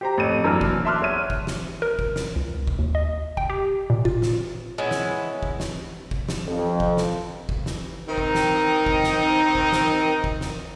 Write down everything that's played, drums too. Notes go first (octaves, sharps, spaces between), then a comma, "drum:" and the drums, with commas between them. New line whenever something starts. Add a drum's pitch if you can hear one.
G4 C5 A#5
A1 F2 D#7
F#2 E3 A#3 D4 A#4 F6
drum: kick
E5 A5 C6 D6 F6 F#6
E2 C#5 E5 D#7
drum: kick
drum: snare
A#4
drum: kick
drum: snare
C#2
drum: kick
D#2
D#5
G5, drum: kick
G4
A#2
F4, drum: kick
drum: snare
G#3 B3 C#4 E4
drum: snare
drum: kick
drum: snare
drum: kick
drum: snare
F2
drum: kick
drum: snare
drum: kick
drum: snare
D#3 C4 D#4
drum: kick
drum: snare
drum: kick
drum: snare
drum: kick
drum: snare
drum: kick
drum: snare